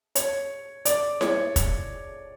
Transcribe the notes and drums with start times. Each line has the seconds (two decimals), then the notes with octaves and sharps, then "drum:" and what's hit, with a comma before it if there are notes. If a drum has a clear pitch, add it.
0.15 C#5, drum: hi-hat
0.85 D5, drum: hi-hat
1.21 C#5, drum: snare E4
1.56 drum: kick, hi-hat